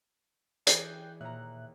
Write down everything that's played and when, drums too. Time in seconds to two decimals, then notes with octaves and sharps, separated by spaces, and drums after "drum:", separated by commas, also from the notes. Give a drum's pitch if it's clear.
0.67 E3 G#4 D5 G5 F#6 G6, drum: hi-hat
1.21 D#2 A#2 E5 A#5 F#6